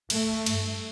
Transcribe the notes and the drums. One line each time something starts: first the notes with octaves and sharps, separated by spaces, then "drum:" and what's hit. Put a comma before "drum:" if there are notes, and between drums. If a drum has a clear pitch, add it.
A3, drum: cymbal
G2, drum: cymbal